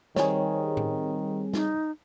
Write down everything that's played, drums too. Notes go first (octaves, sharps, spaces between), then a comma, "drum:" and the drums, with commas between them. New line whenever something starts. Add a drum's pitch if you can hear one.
D#3 G3 C4 G#4 C#5, drum: snare
drum: tom A2
D#4, drum: snare